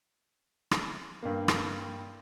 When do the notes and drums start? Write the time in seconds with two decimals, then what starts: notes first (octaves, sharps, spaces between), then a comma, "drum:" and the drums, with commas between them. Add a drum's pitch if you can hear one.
0.71 drum: rim click
1.23 G2 A#3
1.48 drum: rim click